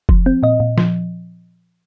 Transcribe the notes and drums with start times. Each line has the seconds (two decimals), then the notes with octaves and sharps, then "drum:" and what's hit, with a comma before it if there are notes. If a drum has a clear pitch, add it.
0.09 F3, drum: kick
0.26 C4
0.43 A#2 D#5
0.60 A#2
0.78 F3, drum: snare